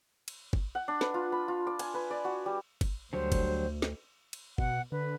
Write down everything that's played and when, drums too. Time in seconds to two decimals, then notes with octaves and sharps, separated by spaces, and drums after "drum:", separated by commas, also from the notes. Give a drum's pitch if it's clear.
0.28 drum: cymbal
0.53 drum: kick
0.75 F#5
0.88 D4
1.01 B4, drum: snare
1.14 F4
1.32 B5
1.48 F4
1.67 D6
1.79 G#5, drum: cymbal
1.94 B4
2.11 D5
2.25 F#4
2.46 G3
2.81 drum: kick, cymbal
3.13 D2 D3 F#3 G3 C5
3.32 drum: kick, cymbal
3.82 drum: snare
4.33 drum: cymbal
4.58 B2 F#5, drum: kick
4.92 D3 B4